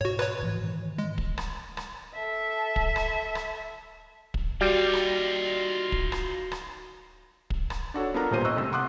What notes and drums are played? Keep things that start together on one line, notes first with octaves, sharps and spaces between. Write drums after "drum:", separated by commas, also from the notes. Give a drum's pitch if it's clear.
G#2 B2 F#4 C#5
B4 C#5, drum: rim click
A2 E3 F3
G#2 D#3 E3
G#3
drum: kick
drum: rim click
drum: rim click
A4 E5
drum: kick
drum: rim click
drum: rim click
drum: kick
G3 D#4 F4 F#4
drum: rim click
drum: kick
drum: rim click
drum: rim click
drum: kick
drum: rim click
D4 F#4 A4 C#5
B3 D4 F4 A4 A#4 A#5
D#1 A1 A#2 G3 C5 D#7
D#5 C#6 E6 F#6
C2 A2 E6
F#5 C6 D6 D#6 F#6